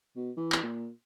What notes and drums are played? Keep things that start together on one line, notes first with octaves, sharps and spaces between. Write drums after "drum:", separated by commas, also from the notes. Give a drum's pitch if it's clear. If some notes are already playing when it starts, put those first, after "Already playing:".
B2
E3
drum: clap
A#2